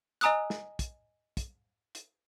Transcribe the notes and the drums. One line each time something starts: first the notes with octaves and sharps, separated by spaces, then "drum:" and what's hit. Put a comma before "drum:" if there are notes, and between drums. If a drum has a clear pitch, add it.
D#5 G#5 A#5 D#6 E6 F#6, drum: hi-hat
drum: snare
drum: kick, hi-hat
drum: kick, hi-hat
drum: hi-hat